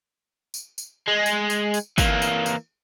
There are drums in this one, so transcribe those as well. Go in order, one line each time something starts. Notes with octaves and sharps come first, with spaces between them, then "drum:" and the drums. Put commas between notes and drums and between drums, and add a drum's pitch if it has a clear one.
drum: tambourine
drum: tambourine
G#3
drum: tambourine
drum: tambourine
drum: tambourine
E3 A#3, drum: kick, tambourine
drum: tambourine
drum: tambourine